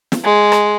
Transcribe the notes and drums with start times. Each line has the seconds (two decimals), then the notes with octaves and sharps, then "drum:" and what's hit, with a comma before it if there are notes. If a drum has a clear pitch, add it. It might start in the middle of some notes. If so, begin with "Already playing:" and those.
0.12 drum: snare
0.23 G#3
0.52 drum: rim click